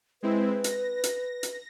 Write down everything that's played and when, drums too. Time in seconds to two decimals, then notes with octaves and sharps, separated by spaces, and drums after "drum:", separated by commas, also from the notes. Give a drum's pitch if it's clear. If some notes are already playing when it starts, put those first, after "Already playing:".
0.23 G#3 C4 E4 B4
0.64 A#6, drum: hi-hat
1.04 drum: hi-hat
1.43 drum: hi-hat